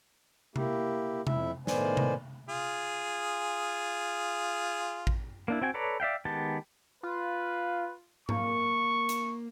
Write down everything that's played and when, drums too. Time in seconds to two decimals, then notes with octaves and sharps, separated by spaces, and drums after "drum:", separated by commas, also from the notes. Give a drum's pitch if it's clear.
0.56 A#3 E4 G4, drum: tom C3
1.27 F2 E4 E5, drum: tom C3
1.67 A2 D#3 B3 C5 D5 G#5, drum: snare
1.97 drum: tom C3
2.49 F4 G#4
5.07 drum: kick A1
5.48 A#3 D4 E4
5.62 C4 F#4 G5 G#5
5.74 A4 B4 C#5 D5 A#5
6.00 D5 E5 F5 G5
6.25 D#3 G#3 B3 G4 A5
7.03 F4 B4
8.29 A#3 C#6, drum: tom G#2
9.09 drum: hi-hat